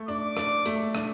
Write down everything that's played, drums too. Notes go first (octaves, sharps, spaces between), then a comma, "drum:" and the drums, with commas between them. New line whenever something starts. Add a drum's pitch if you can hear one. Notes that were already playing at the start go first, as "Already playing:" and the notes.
Already playing: A3
D4 D6
D4, drum: rim click
A3, drum: hi-hat
D4, drum: rim click